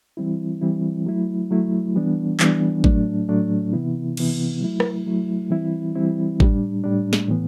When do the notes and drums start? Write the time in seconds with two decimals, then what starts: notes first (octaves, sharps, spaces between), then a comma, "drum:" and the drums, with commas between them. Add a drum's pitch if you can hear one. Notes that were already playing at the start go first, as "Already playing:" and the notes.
0.17 E3 G3 C4 E4
0.61 E3 G3 C4 E4
1.06 F#3 A3 E4
1.51 F#3 A3 E4
1.95 E3 G3 B3 D4
2.40 E3 G3 B3 D4, drum: clap
2.84 A2 F#3 A3 D4, drum: kick G#1
3.29 A2 F#3 A3 D4
3.73 C3 E3 B3 E4
4.17 C3 E3 B3 E4, drum: cymbal
4.61 F#3 A3 E4
4.80 drum: rim click
5.07 F#3 A3 E4
5.50 E3 G3 C4 E4
5.95 E3 G3 C4 E4
6.40 A2 G3 D4, drum: kick G#1
6.84 A2 G3 D4
7.13 drum: snare
7.29 A2 E3 B3